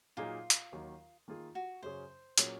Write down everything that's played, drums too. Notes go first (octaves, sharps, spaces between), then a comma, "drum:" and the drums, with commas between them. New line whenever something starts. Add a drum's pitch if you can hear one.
A#2 F#3 A#3 D#4 F4 G#4
drum: hi-hat
D#2 D#3 F#3
D#3 A#3 F4 G#4
F#4
F#2 C#3 F#3 C#4 G#4 C5
A#2 F#3 C#4 G#4, drum: hi-hat